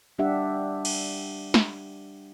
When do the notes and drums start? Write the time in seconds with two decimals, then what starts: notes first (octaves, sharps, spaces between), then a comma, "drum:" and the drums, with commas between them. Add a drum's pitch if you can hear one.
0.19 G3 D4 G4 E5 F#5
0.85 drum: cymbal
1.54 drum: snare